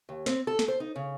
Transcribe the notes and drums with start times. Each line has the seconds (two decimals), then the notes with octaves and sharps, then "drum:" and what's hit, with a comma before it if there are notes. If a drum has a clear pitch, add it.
0.09 D#2
0.26 C4, drum: snare
0.47 A4
0.59 drum: snare
0.68 C5
0.80 D#4
0.96 C#3